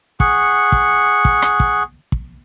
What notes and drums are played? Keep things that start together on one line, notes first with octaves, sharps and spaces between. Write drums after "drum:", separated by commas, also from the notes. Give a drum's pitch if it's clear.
G#4 F#5 C#6, drum: kick
drum: kick
drum: kick
drum: rim click
drum: kick
drum: kick